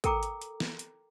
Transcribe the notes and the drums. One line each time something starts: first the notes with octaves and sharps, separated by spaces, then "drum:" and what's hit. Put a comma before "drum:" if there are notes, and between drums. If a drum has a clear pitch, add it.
A4 A#4 G5 A#5 D6, drum: kick, hi-hat
drum: hi-hat
drum: hi-hat
drum: snare
drum: hi-hat